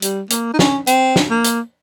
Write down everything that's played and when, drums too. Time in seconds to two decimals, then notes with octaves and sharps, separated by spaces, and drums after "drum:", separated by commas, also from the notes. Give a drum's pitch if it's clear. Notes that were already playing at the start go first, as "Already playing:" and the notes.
0.02 G3, drum: hi-hat
0.30 A#3, drum: hi-hat
0.54 D#4
0.59 C#4, drum: snare
0.87 C4, drum: hi-hat
1.16 drum: snare
1.30 A#3
1.44 drum: hi-hat